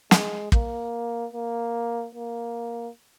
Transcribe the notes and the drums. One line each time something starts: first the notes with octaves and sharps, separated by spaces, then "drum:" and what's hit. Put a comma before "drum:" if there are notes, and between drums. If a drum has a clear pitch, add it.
G#3, drum: snare
A#3, drum: kick
A#3
A#3